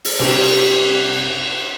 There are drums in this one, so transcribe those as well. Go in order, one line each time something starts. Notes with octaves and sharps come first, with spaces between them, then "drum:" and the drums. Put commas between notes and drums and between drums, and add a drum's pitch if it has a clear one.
drum: open hi-hat
C3 G3 G4, drum: cymbal